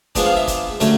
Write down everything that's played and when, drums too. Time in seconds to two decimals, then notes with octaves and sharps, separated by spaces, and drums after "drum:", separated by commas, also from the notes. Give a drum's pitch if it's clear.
0.15 F3 G#3 B3 D4, drum: kick, hi-hat
0.26 F5
0.36 E5
0.47 drum: kick, hi-hat
0.80 D3 F#3 A3 C#4, drum: hi-hat